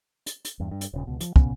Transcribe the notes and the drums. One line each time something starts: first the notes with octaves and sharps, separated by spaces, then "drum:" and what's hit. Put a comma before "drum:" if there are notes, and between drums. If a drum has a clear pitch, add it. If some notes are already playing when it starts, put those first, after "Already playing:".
drum: hi-hat
drum: hi-hat
E2 G2
G2
drum: hi-hat
D#1 C#3
C#2 B2
F3, drum: hi-hat
A#1 C#3 B3 C#4, drum: kick